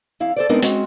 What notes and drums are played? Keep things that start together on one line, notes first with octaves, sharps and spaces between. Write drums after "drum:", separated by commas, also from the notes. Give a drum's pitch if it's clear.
F2 E4 F5
A4 C5 D5
G#3 B3 C4 D4 D#4 A#4
G#3 C4 C#4 F#4, drum: hi-hat